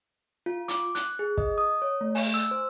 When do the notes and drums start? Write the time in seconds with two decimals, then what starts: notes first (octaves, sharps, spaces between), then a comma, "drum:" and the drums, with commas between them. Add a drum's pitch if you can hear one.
0.46 F4
0.68 D6, drum: hi-hat
0.95 F#6, drum: hi-hat
1.19 G#4
1.38 D#5, drum: kick
1.58 D#6
1.82 C#5
2.01 A3
2.15 G#5, drum: open hi-hat
2.34 E6
2.51 C5